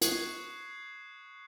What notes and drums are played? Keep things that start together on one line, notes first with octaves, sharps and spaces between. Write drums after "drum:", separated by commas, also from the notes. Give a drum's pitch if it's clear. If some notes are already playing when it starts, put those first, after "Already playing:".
C#6 D#6 F#6 G#6 C7 C#7, drum: hi-hat